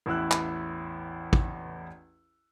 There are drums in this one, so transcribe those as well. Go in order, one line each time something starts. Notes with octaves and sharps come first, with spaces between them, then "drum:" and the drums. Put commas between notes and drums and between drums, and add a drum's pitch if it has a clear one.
A1 E2 E4 E6 F#6
drum: clap
drum: kick